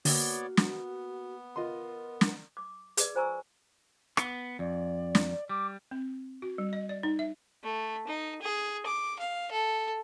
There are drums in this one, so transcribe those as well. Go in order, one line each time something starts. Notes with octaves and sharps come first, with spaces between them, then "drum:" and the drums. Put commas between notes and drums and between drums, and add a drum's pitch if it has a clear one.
D3 A#3 B3 F#4 C#5 D5, drum: open hi-hat
B3, drum: snare
F4 A#4 D#5 C6
drum: snare
D6
G#4 B4 D5, drum: hi-hat
F4 C5 G#5 A#5 C#6 E6
B3, drum: rim click
F2 D5
drum: snare
G3 D6
C4
F#4
G3
D#5
D5
D#4
E5
A3
D#4
G#4
D6
F5
A4